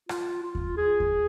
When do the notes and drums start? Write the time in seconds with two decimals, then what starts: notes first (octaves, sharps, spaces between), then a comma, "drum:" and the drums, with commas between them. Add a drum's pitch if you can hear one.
0.09 F4, drum: rim click
0.43 F4
0.55 drum: kick D#2
0.77 G#4
1.00 drum: kick D#2